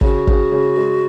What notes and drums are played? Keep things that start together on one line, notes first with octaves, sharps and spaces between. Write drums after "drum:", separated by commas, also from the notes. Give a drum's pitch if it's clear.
C#3 F#4, drum: kick
C#3, drum: kick
C#3
G#3